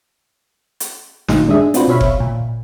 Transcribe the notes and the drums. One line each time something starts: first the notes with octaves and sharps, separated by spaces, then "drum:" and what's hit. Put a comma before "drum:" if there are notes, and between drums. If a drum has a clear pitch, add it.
drum: hi-hat
G1 A#2 D#3 F#3 D#4, drum: snare
G#3 D4 G#4 D#5 E5
C4 D4 F4 F#4 B4 C5, drum: hi-hat
B2 C#5 E5 F5 B5
drum: kick F#1
A#2